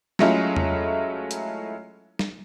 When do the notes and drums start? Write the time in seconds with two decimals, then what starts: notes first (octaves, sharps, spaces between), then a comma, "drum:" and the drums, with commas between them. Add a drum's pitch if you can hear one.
0.19 F#3 G#3 A3 C#4 E4 F4, drum: snare
0.56 drum: tom E2
1.31 drum: hi-hat
2.19 drum: snare